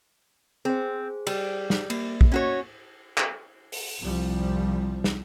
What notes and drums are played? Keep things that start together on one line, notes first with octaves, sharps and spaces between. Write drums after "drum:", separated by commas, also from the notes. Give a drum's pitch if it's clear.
C4 G#4 C5
G3, drum: cymbal
drum: snare
A#3, drum: cymbal
drum: kick
C#4 F#4 C#5
drum: clap
drum: open hi-hat
C2 F3 G3
drum: snare